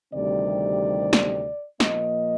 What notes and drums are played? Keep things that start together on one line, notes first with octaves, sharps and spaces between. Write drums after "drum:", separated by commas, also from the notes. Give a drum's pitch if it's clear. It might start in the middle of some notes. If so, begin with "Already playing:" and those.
D2 C3 D#3 G3 C4 D5
drum: snare
A#2 F3 A#3 D#5, drum: snare